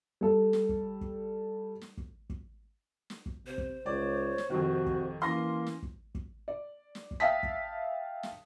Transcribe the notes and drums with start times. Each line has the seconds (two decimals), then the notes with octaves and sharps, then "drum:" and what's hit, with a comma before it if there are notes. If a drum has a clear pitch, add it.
0.21 G3 A4
0.53 drum: snare
0.69 drum: kick
1.01 drum: kick
1.81 drum: snare
1.97 drum: kick
2.30 drum: kick
3.10 drum: snare
3.26 drum: kick
3.47 C3 C5
3.58 drum: kick
3.86 C#2 C#5 D5
4.38 drum: snare
4.50 F2 C3 D#3 F#4
4.86 drum: kick
5.22 E3 A#3 C#4 C6 A#6
5.66 drum: snare
5.83 drum: kick
6.15 drum: kick
6.48 D5
6.95 drum: snare
7.11 drum: kick
7.20 E5 F5 G5 A5 D#6 B6
7.43 drum: kick
8.23 drum: snare